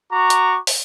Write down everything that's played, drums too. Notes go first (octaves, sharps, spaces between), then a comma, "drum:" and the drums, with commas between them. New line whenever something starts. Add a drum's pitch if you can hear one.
F#4 A#5 C#6 D6
drum: hi-hat
drum: open hi-hat